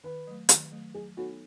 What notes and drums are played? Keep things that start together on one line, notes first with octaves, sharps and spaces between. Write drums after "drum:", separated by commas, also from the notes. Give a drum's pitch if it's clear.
D#3 B4
F#3 A3
D#3, drum: hi-hat
F#3 A3
F#3 G#4
B3 D#4 F#4 A4 C#5